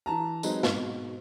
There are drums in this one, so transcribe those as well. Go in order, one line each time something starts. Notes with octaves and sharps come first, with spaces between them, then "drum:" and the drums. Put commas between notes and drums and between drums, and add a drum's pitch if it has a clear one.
E3 A5 A#5
F#3 G#3 C4 D#4 B4, drum: tambourine
G#2 B2 C4, drum: snare